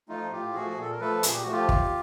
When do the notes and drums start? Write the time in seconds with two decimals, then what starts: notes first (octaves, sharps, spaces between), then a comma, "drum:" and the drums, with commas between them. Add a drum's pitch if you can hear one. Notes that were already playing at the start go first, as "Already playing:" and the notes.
0.08 F3 A3 D#4 F4
0.32 A2 F4 G4
0.54 F3 A3 F#4 G#4
0.70 G#4
0.77 A#2 A4
0.91 A#4
1.00 F3 A3 A4 B4
1.23 A#2 G#4, drum: hi-hat
1.33 G4
1.42 F3 A3 F#4
1.52 F4 G4
1.69 D#2, drum: kick